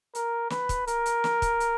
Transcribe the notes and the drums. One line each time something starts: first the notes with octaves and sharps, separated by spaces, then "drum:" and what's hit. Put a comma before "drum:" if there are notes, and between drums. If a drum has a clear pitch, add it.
A#4, drum: hi-hat
B4, drum: snare
drum: kick, hi-hat
A#4, drum: hi-hat
drum: hi-hat
drum: snare
drum: kick, hi-hat
drum: hi-hat